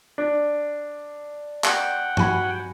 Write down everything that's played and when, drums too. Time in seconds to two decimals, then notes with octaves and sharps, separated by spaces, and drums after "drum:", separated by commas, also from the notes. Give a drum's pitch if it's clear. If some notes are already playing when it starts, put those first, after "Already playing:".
0.18 D4
1.64 F#5 G5, drum: clap
2.17 F#4 G#5 B5, drum: tom G2